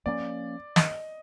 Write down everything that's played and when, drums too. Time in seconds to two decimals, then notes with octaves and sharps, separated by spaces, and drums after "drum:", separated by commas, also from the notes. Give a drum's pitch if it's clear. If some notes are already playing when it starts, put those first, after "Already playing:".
0.06 F3 A#3 C#4 D5
0.76 D#5, drum: snare